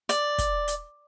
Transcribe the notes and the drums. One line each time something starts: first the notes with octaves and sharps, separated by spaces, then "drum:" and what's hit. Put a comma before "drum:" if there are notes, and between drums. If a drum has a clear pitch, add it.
D5, drum: hi-hat
drum: kick, hi-hat
drum: hi-hat